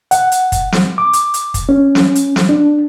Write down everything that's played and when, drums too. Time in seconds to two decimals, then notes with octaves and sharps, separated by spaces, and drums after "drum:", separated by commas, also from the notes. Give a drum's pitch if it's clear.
0.11 F#5, drum: hi-hat
0.32 drum: hi-hat
0.52 drum: kick, hi-hat
0.72 drum: snare
0.98 D6
1.13 drum: hi-hat
1.34 drum: hi-hat
1.54 drum: kick, hi-hat
1.69 C#4
1.95 drum: snare
2.15 drum: hi-hat
2.36 drum: snare
2.49 D4